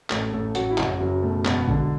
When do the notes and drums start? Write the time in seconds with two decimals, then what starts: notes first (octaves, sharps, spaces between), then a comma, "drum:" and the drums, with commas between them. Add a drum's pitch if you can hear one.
0.10 A1 A3 A4, drum: clap
0.32 A1 A3 A4
0.55 A1 F#3 F#4, drum: hi-hat
0.71 E4
0.78 F#1 F#3 F#4, drum: clap
1.00 F#1 F#3
1.23 B2 A3
1.45 E1 B2 B3, drum: clap
1.68 E1 D3 D4, drum: kick A#1